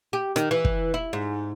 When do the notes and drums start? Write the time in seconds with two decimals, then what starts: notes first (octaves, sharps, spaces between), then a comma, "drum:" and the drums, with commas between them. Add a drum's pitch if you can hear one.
0.13 G4
0.36 D#3, drum: rim click
0.51 E3
0.65 drum: kick
0.94 E4
1.13 G#2